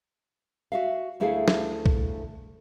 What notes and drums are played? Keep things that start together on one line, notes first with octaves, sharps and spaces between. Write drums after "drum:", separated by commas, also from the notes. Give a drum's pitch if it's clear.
F#4 E5 F5
D2 A3 E4 G#4 A4 F5
drum: snare
drum: kick